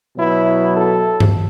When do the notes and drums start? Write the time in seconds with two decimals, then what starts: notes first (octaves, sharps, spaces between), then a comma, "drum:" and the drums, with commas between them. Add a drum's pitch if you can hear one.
0.17 B2 F#3 B3 E4
0.73 A4
1.20 drum: tom G2